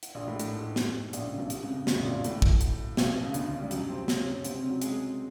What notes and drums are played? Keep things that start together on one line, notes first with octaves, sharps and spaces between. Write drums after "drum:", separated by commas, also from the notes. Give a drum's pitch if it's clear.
drum: hi-hat
A#1 A#2
A2
A2, drum: hi-hat
G#2
G#2, drum: snare
A#1 A#2, drum: hi-hat
C#2 C#3
B1 B2
C2 C3, drum: hi-hat
C#2 C#3
C#2 C#3
D2 D3, drum: snare
A#1 A#2
A#1 A#2
A2, drum: hi-hat
drum: kick
drum: hi-hat
B1 B2, drum: snare
C#2 C#3
D2 D3, drum: hi-hat
G3
F#2 F#3, drum: hi-hat
C3 C4
C#3 C#4, drum: snare
C#3 C#4
C3 C4, drum: hi-hat
C#3 C#4
F#3 F#4
G#3 G#4, drum: hi-hat